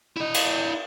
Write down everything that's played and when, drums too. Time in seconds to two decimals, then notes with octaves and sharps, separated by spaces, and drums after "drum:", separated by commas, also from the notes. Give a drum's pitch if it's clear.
0.17 E4 D#5
0.34 drum: cymbal